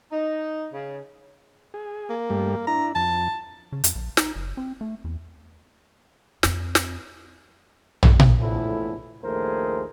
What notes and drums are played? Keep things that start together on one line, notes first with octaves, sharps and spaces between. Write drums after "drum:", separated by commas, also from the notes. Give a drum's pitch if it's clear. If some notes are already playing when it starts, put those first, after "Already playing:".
D#4
C#3
G#4
A#3
G2 G3 A3
D4 E4 A#5
F2 A5
C#3
F2, drum: hi-hat
A#1
D#4, drum: snare
F#1
C4
A3
E2
F2 C4, drum: snare
drum: snare
drum: tom
drum: tom A#2
A#1 E2 A2 F3 A3 E4
A#1 D#2 A3 G#4 A#4 C5